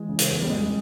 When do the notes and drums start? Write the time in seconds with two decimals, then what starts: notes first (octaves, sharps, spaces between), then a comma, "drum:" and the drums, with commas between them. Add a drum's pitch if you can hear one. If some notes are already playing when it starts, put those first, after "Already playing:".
Already playing: E3 G#3
0.09 C#3
0.19 drum: hi-hat
0.30 E2
0.42 G3
0.50 E2 G#3